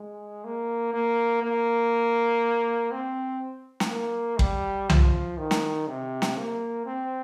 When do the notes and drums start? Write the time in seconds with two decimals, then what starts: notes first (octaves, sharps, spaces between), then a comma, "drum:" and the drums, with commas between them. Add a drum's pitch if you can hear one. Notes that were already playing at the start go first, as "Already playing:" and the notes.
Already playing: G#3
0.45 A#3
0.94 A#3
1.43 A#3
2.91 C4
3.80 drum: snare
3.90 A#3
4.39 G3, drum: kick
4.90 F3, drum: tom C2
5.38 D#3
5.51 drum: snare
5.88 C3
6.22 drum: snare
6.37 A#3
6.86 C4